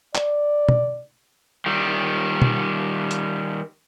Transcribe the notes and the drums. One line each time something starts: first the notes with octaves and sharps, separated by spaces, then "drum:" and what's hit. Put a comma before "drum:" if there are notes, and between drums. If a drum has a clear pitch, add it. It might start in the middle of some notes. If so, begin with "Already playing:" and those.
D5, drum: clap
drum: tom
D#3 G3
drum: tom
drum: hi-hat